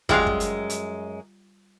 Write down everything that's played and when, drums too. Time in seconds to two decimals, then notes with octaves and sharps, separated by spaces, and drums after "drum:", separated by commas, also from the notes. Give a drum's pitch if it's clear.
0.09 F#2 G3 G#3 F4 F5, drum: kick
0.27 drum: kick
0.40 drum: hi-hat
0.70 drum: hi-hat